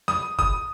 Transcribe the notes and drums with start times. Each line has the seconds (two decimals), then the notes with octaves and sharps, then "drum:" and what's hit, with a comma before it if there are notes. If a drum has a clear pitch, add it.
0.08 D#6, drum: snare
0.39 D#6, drum: kick F#1